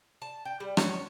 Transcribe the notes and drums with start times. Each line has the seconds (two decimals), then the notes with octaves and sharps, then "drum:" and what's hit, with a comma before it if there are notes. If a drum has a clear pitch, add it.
0.22 A5
0.45 G5
0.60 G3
0.77 C#5, drum: rim click